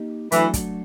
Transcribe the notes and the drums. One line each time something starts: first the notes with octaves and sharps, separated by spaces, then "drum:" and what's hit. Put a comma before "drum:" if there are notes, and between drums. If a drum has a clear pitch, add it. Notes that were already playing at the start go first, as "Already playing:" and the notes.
Already playing: A#3 D#4 G4 D#5
E3 F#3 A3 D4 F#4 A4, drum: hi-hat
drum: kick, hi-hat